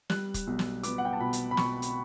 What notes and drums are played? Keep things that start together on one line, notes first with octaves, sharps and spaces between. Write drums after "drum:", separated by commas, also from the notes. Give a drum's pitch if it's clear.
G3 F#6, drum: snare
drum: kick, hi-hat
B1
drum: snare
B3 D6, drum: hi-hat
F#5
G5
A5
B2 B5
drum: hi-hat
B5
B2 C#6, drum: snare
drum: hi-hat